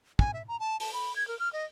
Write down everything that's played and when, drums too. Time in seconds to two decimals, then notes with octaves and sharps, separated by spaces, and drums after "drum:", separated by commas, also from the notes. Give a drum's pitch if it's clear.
0.19 G#5, drum: kick
0.33 E5
0.48 A#5
0.60 A5
0.80 A5, drum: open hi-hat
0.93 B5
1.16 G#6
1.27 A#4
1.39 F6
1.53 D#5